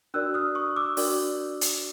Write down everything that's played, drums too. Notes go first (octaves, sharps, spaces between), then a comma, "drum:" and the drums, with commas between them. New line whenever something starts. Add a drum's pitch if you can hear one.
D4 F#4 A#4 D5 E6 F#6
D#6 F6
C#6 D#6
D6 E6
D4 F#4 A#4 D5, drum: open hi-hat
drum: hi-hat